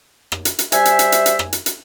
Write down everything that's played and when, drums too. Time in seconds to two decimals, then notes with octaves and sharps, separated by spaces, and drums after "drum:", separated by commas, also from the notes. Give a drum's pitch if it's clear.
0.32 drum: rim click
0.45 drum: hi-hat
0.59 drum: hi-hat
0.72 G3 C5 E5 G#5, drum: hi-hat
0.85 drum: hi-hat
0.99 drum: hi-hat
1.12 drum: hi-hat
1.26 drum: hi-hat
1.39 drum: rim click
1.53 drum: hi-hat
1.66 drum: hi-hat